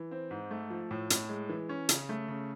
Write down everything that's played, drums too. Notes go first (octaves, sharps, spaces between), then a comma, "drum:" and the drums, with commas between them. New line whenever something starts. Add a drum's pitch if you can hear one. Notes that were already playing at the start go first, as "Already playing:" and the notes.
Already playing: E3
C4
G#2
A3
F3
A2
A2, drum: hi-hat
G#3
E3
C#4
C#3, drum: hi-hat
A3
C#3